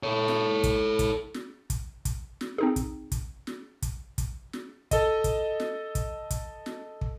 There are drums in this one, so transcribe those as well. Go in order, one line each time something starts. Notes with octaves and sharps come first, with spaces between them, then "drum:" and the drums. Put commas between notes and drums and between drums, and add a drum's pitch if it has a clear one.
A4 C#5
drum: snare
drum: kick, hi-hat
drum: kick, hi-hat
drum: snare
drum: kick, hi-hat
drum: kick, hi-hat
drum: snare
C4 D#4 G#4
drum: kick, hi-hat
drum: kick, hi-hat
drum: snare
drum: kick, hi-hat
drum: kick, hi-hat
drum: snare
A4 D#5, drum: kick, hi-hat
drum: kick, hi-hat
drum: snare
drum: kick, hi-hat
drum: kick, hi-hat
drum: snare
drum: kick